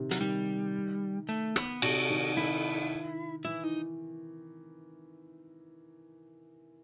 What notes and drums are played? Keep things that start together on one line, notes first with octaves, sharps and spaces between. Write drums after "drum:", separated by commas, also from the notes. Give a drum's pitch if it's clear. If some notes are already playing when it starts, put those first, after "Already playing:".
Already playing: C3 D#3
F#3, drum: hi-hat
D#3 G3
A3
B3, drum: rim click
C3 F#4, drum: cymbal
D#3
D#3 E4
E3 E4
D#4